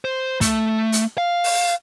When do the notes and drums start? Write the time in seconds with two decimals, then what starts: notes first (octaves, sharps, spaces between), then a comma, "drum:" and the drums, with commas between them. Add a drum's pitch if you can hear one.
0.05 C5
0.41 A3, drum: kick, hi-hat
0.92 drum: hi-hat
1.18 F5
1.44 drum: open hi-hat